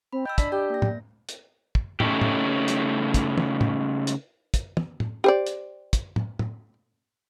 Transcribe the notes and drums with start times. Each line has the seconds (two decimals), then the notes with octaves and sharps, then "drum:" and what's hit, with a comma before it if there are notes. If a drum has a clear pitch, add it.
0.13 C4 B5
0.25 D#5 G5 B5 E6
0.38 D4 D5 A5 B5, drum: kick, hi-hat
0.52 G4 D5 G6
0.70 A#3 A#6
0.82 drum: tom
1.29 drum: hi-hat
1.75 drum: kick
2.00 C#3 A3 C#4 D#4 E4 G4, drum: tom
2.21 drum: tom
2.68 drum: hi-hat
3.14 drum: kick, hi-hat
3.38 drum: tom
3.61 drum: tom
4.07 drum: hi-hat
4.54 drum: kick, hi-hat
4.77 drum: tom
5.00 drum: tom
5.24 G4 C5 D5
5.47 drum: hi-hat
5.93 drum: kick, hi-hat
6.16 drum: tom
6.39 drum: tom